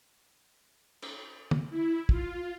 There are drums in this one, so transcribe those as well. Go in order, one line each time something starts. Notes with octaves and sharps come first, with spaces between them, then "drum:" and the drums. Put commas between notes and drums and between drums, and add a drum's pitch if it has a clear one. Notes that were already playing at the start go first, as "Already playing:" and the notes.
drum: cymbal
drum: tom
E4
F4, drum: kick